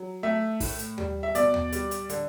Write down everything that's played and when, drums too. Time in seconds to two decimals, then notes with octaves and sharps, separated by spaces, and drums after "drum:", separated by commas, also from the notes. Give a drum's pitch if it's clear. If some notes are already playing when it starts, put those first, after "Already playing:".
Already playing: F#3
0.23 A3 E5
0.60 A2, drum: kick, open hi-hat
0.79 drum: hi-hat
0.98 G3, drum: tom
1.23 E5
1.35 B2 D5, drum: hi-hat
1.54 drum: tom
1.73 G3, drum: hi-hat
1.91 drum: hi-hat
2.10 D3, drum: hi-hat